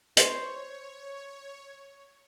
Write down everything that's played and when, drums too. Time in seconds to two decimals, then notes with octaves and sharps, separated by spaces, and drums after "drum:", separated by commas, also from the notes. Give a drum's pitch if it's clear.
0.17 C5 C#5, drum: hi-hat